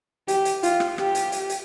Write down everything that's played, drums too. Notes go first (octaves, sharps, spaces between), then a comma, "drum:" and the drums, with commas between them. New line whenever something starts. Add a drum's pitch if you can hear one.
G4, drum: hi-hat
drum: hi-hat
F4, drum: hi-hat
drum: rim click
G4, drum: rim click
drum: hi-hat
drum: hi-hat
drum: hi-hat